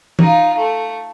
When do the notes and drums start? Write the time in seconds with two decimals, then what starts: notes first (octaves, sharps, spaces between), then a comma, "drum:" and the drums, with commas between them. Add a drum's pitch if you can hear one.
0.19 D#4 F4, drum: tom
0.57 A3